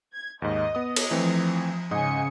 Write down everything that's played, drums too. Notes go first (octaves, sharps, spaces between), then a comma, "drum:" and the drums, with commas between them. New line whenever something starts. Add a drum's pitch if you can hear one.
G#6
D#2 G#2 D#5
B3 D#6
drum: cymbal
E3 F3 A3 C4
G#2 C#3 D#5 G#5 D#6 C#7